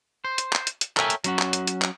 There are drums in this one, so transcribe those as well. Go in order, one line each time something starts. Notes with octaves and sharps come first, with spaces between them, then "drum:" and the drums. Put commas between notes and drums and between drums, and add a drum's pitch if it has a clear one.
C5
drum: hi-hat
drum: clap
drum: hi-hat
drum: hi-hat
A4 A#4 C#5 E5 G5 G#5, drum: clap
drum: hi-hat
F#3 C#4 F#4, drum: hi-hat
drum: clap
drum: hi-hat
drum: hi-hat
drum: clap